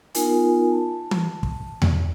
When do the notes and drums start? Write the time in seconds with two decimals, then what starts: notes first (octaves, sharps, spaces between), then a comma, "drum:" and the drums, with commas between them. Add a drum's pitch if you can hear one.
0.15 B3 D#4 F4 A#4 G#5, drum: hi-hat
0.71 A5
1.11 drum: tom
1.43 drum: kick
1.82 drum: tom E2